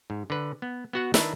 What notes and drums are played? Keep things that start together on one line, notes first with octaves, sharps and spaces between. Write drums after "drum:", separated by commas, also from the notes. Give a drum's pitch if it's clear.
G#2
D3 B4
B3
B3 F#4 F#5
D#3 D4 E4 B4 E5 A#5, drum: snare